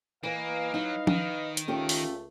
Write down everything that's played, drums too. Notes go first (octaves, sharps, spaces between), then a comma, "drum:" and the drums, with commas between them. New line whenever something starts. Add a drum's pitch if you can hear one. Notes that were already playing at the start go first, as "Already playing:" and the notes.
E3 A#3 B4 D#5 F5
F#3 D#4
D#3, drum: tom F3
drum: hi-hat
C#2 A3 C#4 F4 G4
drum: open hi-hat